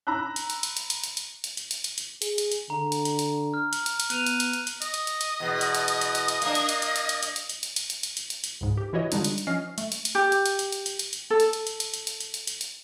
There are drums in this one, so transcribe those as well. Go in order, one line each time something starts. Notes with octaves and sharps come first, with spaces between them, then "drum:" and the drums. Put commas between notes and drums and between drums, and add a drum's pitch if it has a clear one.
A#5 B5 E6 F#6
drum: hi-hat
drum: hi-hat
drum: hi-hat
drum: hi-hat
drum: hi-hat
drum: hi-hat
drum: hi-hat
drum: hi-hat
drum: hi-hat
drum: hi-hat
drum: hi-hat
drum: hi-hat
G#4, drum: hi-hat
drum: hi-hat
drum: hi-hat
D3 A#5
drum: hi-hat
drum: hi-hat
drum: hi-hat
F6
drum: hi-hat
drum: hi-hat
drum: hi-hat
B3 F#6 D#7 F7, drum: hi-hat
drum: hi-hat
drum: hi-hat
drum: hi-hat
drum: hi-hat
D#5, drum: hi-hat
drum: hi-hat
drum: hi-hat
drum: hi-hat
E2 B2
drum: hi-hat
drum: hi-hat
drum: hi-hat
drum: hi-hat
drum: hi-hat
drum: hi-hat
A#3 D4, drum: hi-hat
drum: hi-hat
drum: hi-hat
drum: hi-hat
drum: hi-hat
drum: hi-hat
drum: hi-hat
drum: hi-hat
drum: hi-hat
drum: hi-hat
drum: hi-hat
drum: hi-hat
drum: hi-hat
drum: hi-hat
drum: hi-hat
drum: hi-hat
C#2 G#2
G4
E3 E4 F#4 C#5 D#5
D3 G3 G#3 D4 D#4 F4, drum: hi-hat
drum: hi-hat
drum: hi-hat
F3 C#4 D#5 F6 C7
A3, drum: hi-hat
drum: hi-hat
drum: hi-hat
G4
drum: hi-hat
drum: hi-hat
drum: hi-hat
drum: hi-hat
drum: hi-hat
drum: hi-hat
drum: hi-hat
A4
drum: hi-hat
drum: hi-hat
drum: hi-hat
drum: hi-hat
drum: hi-hat
drum: hi-hat
drum: hi-hat
drum: hi-hat
drum: hi-hat
drum: hi-hat